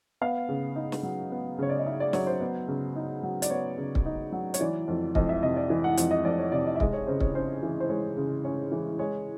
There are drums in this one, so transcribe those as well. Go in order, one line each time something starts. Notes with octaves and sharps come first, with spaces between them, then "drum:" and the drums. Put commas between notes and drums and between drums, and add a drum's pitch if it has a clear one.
B3 F5
C#3
D#4
drum: snare
F#3
B3
C#3 C#5
D5
D#5
D#4 E5
D5
F#3 C#5, drum: snare
C5
B3
C#3
D#4
F#3
D5, drum: hi-hat
B3 C#5
C#3
drum: kick C#1
D#4
F#3
C#5, drum: hi-hat
E3 D5
F2
F2 D#5, drum: kick C#1
E5
C3 D#5
D5
E3
F#5
F2 F#5, drum: hi-hat
D#5
F2 D5
C#5
C3 D5
D#5
E5
G#3 D#5, drum: kick C#1
C#5
C#3 C5
C#5, drum: kick C#1
C#4 C5
E3
C5
G#3 C#5
C#3
C#4 C#5
E3
G#3 C#5